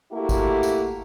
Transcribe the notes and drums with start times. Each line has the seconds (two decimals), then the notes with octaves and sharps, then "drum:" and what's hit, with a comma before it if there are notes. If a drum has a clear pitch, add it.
0.12 A3 A#3 E4 F#4 G4
0.29 drum: kick G#1, tambourine
0.63 drum: tambourine